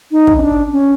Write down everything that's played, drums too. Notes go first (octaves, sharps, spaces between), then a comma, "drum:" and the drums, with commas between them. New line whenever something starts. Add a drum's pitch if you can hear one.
D#4
drum: kick
C#4
D4
C#4